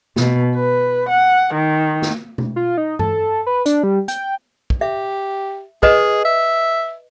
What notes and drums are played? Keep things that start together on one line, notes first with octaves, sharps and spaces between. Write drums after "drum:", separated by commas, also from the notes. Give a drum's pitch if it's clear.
B2, drum: snare
B4
F#5
D#3
drum: snare
drum: tom B2
F4
D#4
A4, drum: tom G2
B4
D4, drum: hi-hat
G3
G5, drum: hi-hat
drum: kick
G4 E5
G#4 B4 D#5, drum: kick
E5